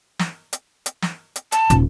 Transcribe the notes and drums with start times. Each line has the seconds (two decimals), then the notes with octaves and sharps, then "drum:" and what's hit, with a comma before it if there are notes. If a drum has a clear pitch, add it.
0.19 drum: snare
0.53 drum: hi-hat
0.86 drum: hi-hat
1.02 drum: snare
1.36 drum: hi-hat
1.52 A5, drum: hi-hat
1.70 D#1, drum: hi-hat